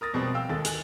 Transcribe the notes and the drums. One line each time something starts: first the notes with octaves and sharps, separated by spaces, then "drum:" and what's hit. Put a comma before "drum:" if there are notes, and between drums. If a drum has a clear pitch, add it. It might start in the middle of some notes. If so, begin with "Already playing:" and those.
A#4 D#6 A6 A#6
F2 B2 G3 G#3 C4
F5 G5 E6
D#2 G#3 A4 A6
G#5 F#6 F#7, drum: hi-hat